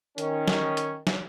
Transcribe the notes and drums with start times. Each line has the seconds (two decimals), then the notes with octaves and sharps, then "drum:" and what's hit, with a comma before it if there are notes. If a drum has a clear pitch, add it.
0.18 D#3 C#4, drum: hi-hat
0.48 drum: snare
0.77 drum: hi-hat
1.07 drum: snare